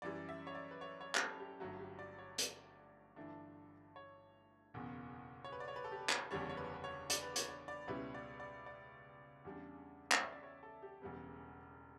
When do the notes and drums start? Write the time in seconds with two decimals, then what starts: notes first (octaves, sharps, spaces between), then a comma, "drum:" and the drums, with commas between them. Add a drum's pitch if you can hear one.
0.02 F#2 E3 G3 D5
0.29 E5
0.47 C#5
0.55 D5
0.71 B4
0.81 C#5
1.01 C#5
1.15 G4, drum: clap
1.20 A4
1.40 G4
1.60 G1 G2 F#3 A3 F#4
1.79 G4
1.99 D5
2.18 C#5
2.38 D5, drum: hi-hat
3.16 G1 G2 E3 A3 D4
3.96 C#5
4.74 F#1 E2 B2
5.44 C#5
5.52 B4
5.60 D5
5.68 C#5
5.76 B4
5.84 A4
5.92 G4
6.09 drum: clap
6.31 F#1 E2 D3 G3 D4 C#5
6.49 C#5
6.57 B4
6.74 B4
6.84 C#5
7.10 D5, drum: hi-hat
7.23 B4
7.36 C#5, drum: hi-hat
7.48 D5
7.68 D5
7.88 C#2 B2 G3 C#4 E4 B4
8.14 D5
8.40 D5
8.66 D5
9.45 E2 C#3 G3 D4
10.12 drum: clap
10.22 E5
10.32 D5
10.43 C#5
10.63 A4
10.82 G4
11.02 E1 E2 C#3 G3 B3